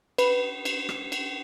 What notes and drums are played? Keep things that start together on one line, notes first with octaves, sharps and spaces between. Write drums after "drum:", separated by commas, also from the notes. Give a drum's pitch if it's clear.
B4, drum: cymbal
drum: cymbal
drum: rim click
drum: cymbal